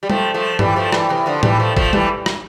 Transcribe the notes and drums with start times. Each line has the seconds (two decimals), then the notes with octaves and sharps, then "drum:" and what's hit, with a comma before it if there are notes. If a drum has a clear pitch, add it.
0.03 G3
0.10 F3 A3, drum: tom G3
0.34 F3 A3
0.59 E3 G3, drum: tom G2
0.76 F3 A3
0.92 E3 G3, drum: rim click
1.09 C3 E3
1.26 D3 F3
1.43 E3 G3, drum: tom A2
1.59 F3 A3
1.77 F3 A3, drum: kick
1.93 E3 G3, drum: tom G3
2.26 drum: rim click